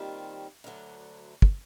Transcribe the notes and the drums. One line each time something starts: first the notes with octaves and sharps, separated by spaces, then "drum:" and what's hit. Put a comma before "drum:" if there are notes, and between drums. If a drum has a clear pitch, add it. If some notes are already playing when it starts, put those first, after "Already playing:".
Already playing: D#2 D#3 G3 C4 F4
D2 D3 F#3
drum: kick